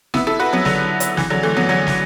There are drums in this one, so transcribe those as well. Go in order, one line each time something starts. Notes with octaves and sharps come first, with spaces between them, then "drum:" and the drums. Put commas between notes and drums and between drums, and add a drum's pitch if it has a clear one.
B3 E4, drum: snare
E4 A4
F#4 B4
F#3 B3
D3 F#3, drum: snare
drum: hi-hat
E3, drum: snare
D3 F#3
E3 A3
F#3 B3
D3 F#3
drum: snare